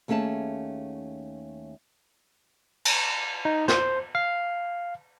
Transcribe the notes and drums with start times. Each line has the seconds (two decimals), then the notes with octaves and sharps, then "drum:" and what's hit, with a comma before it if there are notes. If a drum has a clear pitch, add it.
0.08 D#2 A3 C#4 G#4 E5 A5
2.85 drum: cymbal
3.45 D#4
3.68 C5, drum: snare
4.15 F5